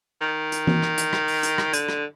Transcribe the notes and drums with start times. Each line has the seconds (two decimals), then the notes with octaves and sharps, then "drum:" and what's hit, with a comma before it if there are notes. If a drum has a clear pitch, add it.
0.22 D#3
0.52 drum: hi-hat
0.67 drum: tom E3
0.82 drum: rim click
0.98 drum: hi-hat
1.13 drum: rim click
1.28 drum: open hi-hat
1.43 drum: hi-hat
1.58 drum: rim click
1.73 D3, drum: hi-hat
1.89 drum: rim click